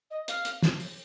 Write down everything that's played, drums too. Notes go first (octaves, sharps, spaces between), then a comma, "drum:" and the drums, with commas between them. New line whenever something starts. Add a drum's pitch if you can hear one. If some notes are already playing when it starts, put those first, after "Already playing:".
D#5
F5, drum: hi-hat
drum: hi-hat
drum: snare
drum: open hi-hat